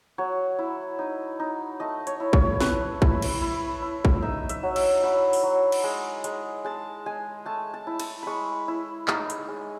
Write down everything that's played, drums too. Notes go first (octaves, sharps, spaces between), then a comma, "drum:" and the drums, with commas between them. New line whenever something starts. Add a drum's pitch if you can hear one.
F#3 C#5
E4
D#4
D#4
A3 D#5
C#5, drum: hi-hat
E4
C#5, drum: kick
E4 B4, drum: snare
E4, drum: kick
drum: cymbal
E4
E4
drum: kick
D#4 E5
E5, drum: hi-hat
F#3
E5, drum: cymbal
F#3 B5
drum: open hi-hat
F#3
drum: cymbal
G#3
G#3, drum: hi-hat
G#3 A5
G#3 G#5
A3 A5
A5
E4
A5, drum: cymbal
G#3 B5 C#6
E4
D#4, drum: clap
drum: hi-hat
G#3